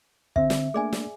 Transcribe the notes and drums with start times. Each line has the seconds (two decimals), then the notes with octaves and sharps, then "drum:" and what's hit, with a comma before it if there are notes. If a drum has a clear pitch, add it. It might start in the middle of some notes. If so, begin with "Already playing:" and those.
0.36 D3 C4 E5, drum: kick
0.50 drum: snare
0.74 A3 A#3 D4 G#4 D5 G#5
0.93 drum: snare